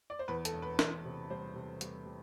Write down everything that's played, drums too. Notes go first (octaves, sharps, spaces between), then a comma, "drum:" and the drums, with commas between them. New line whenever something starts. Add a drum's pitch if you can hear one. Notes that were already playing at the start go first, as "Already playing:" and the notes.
D5
C5
E2 B4
A4, drum: hi-hat
E1
B4
E2, drum: snare
C3
G3 C5
C3
G3, drum: hi-hat
G3